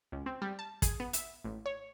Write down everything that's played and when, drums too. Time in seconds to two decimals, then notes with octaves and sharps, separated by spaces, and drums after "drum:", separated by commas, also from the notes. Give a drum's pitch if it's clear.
0.12 C#2
0.26 C4
0.42 G3
0.59 A5
0.82 G#4, drum: kick, hi-hat
1.00 B3
1.13 E5, drum: hi-hat
1.44 A1
1.66 C#5